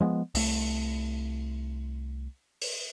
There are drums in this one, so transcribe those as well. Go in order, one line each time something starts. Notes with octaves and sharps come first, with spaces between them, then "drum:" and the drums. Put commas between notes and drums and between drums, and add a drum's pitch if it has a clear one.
F3 G#3 A#3 B3
C2 A3, drum: open hi-hat
drum: open hi-hat